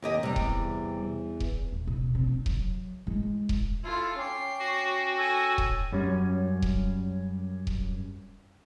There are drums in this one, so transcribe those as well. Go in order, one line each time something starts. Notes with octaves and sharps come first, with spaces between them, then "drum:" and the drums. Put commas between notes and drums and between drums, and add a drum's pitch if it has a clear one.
D#2 G4 D#5
E2 C3 E3 G3
drum: kick D#1
drum: kick D#1
D#1
B2
C3
D#4
F#3, drum: kick D#1
G#3 E4
drum: kick D#1
E4 F4 A4
C#4 G5 D6 C7
F#4
A4 G#5
drum: kick D#1
F#2 G3 C#4
drum: kick D#1
drum: kick D#1